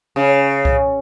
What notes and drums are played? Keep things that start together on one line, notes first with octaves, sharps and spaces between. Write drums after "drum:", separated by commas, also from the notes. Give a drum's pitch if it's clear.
C#3
drum: kick C2